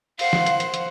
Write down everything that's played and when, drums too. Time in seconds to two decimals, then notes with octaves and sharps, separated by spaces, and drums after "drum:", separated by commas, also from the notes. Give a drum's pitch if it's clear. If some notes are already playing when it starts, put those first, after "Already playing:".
0.19 C5 F5 F#5, drum: open hi-hat
0.33 drum: snare
0.46 drum: hi-hat
0.60 drum: hi-hat
0.74 drum: hi-hat